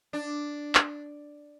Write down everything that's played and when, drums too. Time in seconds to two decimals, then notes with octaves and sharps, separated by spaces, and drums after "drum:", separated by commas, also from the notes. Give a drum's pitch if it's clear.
0.13 D4
0.75 drum: clap